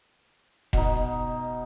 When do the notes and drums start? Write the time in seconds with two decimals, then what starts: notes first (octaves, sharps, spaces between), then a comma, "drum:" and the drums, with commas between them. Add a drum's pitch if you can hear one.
0.73 B2 D#4, drum: kick E1